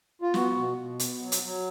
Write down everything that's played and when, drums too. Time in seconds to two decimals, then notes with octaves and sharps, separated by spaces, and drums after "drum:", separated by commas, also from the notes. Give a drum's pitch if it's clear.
0.22 F4
0.34 B3 F#4, drum: snare
0.56 B2
0.77 B2
0.99 B3, drum: hi-hat
1.21 F#3
1.32 drum: hi-hat
1.43 F#3